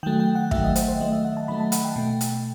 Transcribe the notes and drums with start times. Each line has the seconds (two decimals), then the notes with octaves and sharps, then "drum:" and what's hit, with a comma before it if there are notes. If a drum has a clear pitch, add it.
0.03 D#3 F#3 A3 G5
0.20 G5
0.35 F#5
0.51 D#3 F#3 A3 E5, drum: kick
0.64 D#5
0.76 C5, drum: hi-hat
0.88 C5
1.00 D#3 F#3 A3 D#5
1.12 E5
1.25 F#5
1.37 A5
1.48 D#3 F#3 A3 B5
1.60 A5
1.72 F#5, drum: hi-hat
1.85 G5
1.96 B2 A3
2.21 drum: hi-hat